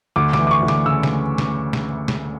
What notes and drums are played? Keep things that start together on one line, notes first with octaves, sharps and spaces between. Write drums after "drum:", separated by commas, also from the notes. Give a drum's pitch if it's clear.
D2 D6
D6, drum: snare
E3
D6
C#6
D2
D6, drum: snare
C#3 E6
drum: snare
drum: snare
drum: snare
drum: snare